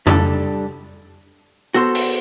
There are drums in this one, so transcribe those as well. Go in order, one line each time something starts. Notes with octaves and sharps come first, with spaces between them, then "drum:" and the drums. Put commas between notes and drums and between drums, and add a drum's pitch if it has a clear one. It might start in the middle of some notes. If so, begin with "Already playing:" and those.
G3 D4 A4, drum: tom F2
B3 F#4 A4 C5
drum: open hi-hat